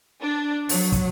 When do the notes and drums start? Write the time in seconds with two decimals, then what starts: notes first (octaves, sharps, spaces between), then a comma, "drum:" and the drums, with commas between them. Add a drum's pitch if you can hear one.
0.22 D4
0.69 F#3, drum: open hi-hat
0.92 drum: kick, hi-hat